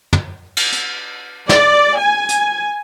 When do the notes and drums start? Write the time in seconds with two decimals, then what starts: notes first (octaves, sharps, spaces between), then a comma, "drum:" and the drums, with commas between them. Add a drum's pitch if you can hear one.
0.13 drum: tom
0.57 drum: cymbal
0.72 drum: hi-hat
1.49 D5, drum: snare
1.99 G#5
2.29 drum: hi-hat